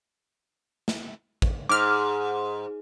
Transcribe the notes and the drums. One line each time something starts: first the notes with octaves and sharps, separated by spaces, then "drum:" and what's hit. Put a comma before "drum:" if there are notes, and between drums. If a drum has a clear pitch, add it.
drum: snare
drum: kick
G#2 D6 F6